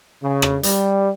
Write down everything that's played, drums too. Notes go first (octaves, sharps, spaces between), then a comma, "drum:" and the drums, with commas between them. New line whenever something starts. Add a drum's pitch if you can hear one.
C#3
drum: rim click
G3, drum: hi-hat